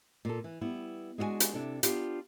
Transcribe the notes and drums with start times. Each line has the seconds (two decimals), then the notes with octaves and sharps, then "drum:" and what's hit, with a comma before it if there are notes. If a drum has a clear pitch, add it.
0.25 A#2 A4
0.44 E3
0.61 G3 B3 E4
1.18 G#3 D4 F#4 D#5 G#5
1.40 drum: hi-hat
1.54 C3 D4 E4 A4
1.83 B3 D4 F4 G4, drum: hi-hat